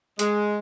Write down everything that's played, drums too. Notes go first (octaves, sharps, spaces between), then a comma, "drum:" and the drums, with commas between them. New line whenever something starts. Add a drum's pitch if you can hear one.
G#3, drum: hi-hat